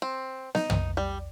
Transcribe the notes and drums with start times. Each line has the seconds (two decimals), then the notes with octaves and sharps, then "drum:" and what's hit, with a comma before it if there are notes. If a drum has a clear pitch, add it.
0.02 C4
0.55 D#4, drum: snare B3
0.70 drum: tom
0.97 G3